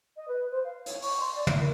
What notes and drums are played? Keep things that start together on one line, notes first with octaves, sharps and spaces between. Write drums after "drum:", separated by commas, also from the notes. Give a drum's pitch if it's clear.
D#5
B4
C5
F5
C#5, drum: hi-hat
C#6, drum: open hi-hat
C6
D5
E4, drum: tom
A#4